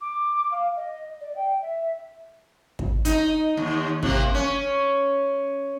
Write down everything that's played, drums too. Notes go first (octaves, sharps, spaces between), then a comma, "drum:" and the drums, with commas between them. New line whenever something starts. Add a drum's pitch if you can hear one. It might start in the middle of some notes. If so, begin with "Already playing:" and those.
D6
F5
D#5
D5
G5
E5
drum: kick
D#4, drum: hi-hat
D#2
C3 A#3, drum: kick
C#4